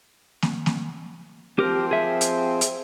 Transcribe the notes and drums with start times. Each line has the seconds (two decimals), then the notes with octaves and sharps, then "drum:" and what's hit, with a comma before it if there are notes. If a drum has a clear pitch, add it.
0.42 drum: snare A#3
0.66 drum: snare A#3
1.59 F3 C4 G4 A#4 C5
1.91 G#4 E5
2.21 drum: hi-hat
2.61 drum: hi-hat